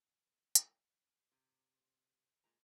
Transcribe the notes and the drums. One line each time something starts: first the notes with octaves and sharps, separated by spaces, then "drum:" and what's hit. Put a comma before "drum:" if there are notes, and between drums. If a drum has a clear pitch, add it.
drum: hi-hat
C3
A#2 G#3 A#5